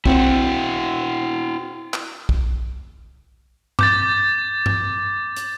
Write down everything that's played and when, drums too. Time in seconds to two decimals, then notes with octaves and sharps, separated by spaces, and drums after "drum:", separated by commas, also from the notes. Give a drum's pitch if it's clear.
0.06 C4 E4 F#4 F#5, drum: kick
1.94 drum: clap
2.29 drum: kick
3.79 D6 G6 A6, drum: tom G2
4.66 drum: tom G2
5.36 drum: hi-hat